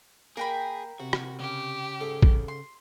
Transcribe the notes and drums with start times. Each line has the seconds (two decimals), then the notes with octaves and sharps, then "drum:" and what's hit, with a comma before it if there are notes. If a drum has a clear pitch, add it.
0.37 A#3 G#4 A#4 G5 B5
1.00 C3 F#4
1.13 drum: rim click
1.40 C#3 G4
2.01 G#2 A4
2.22 drum: kick
2.48 C6